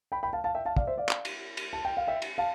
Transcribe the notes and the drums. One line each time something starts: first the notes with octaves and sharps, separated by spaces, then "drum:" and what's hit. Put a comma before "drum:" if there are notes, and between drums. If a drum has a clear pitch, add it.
G5 B5
G5 B5
F5 A5
F5 A5
E5 G5
F5 A5
D5 F5, drum: kick
C5 E5
D5 F5
drum: clap
drum: cymbal
drum: cymbal
A5
G5
F5
E5 G5
drum: cymbal
F5 A5